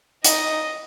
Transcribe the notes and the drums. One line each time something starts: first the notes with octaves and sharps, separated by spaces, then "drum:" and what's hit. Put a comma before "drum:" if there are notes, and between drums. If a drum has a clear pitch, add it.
D#4 D#5, drum: hi-hat